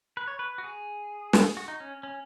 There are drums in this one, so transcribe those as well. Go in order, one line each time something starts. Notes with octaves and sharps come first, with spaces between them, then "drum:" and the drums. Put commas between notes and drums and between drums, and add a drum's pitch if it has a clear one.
B4
C#5
B4
F#4
G#4
drum: snare
F#4
D#4
C#4
C#4